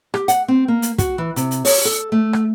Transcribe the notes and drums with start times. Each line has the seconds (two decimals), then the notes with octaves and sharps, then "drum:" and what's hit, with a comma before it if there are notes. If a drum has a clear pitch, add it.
0.14 G4, drum: rim click
0.28 F#5, drum: hi-hat
0.48 C4
0.68 A#3
0.82 drum: hi-hat
0.98 F#4, drum: kick, hi-hat
1.18 E3
1.36 C3, drum: hi-hat
1.51 drum: hi-hat
1.65 C#5, drum: open hi-hat
1.85 A4
2.12 A3
2.33 drum: rim click